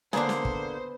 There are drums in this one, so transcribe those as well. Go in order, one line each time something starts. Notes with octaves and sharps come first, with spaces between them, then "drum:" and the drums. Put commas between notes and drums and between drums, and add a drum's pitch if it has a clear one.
D3 A#3 B3 D4 G#4 C5, drum: snare
drum: snare
drum: kick